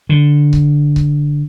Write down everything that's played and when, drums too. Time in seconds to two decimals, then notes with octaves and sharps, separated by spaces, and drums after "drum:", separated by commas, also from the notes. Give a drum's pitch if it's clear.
0.09 D3
0.53 drum: kick C#1
0.96 drum: kick C#1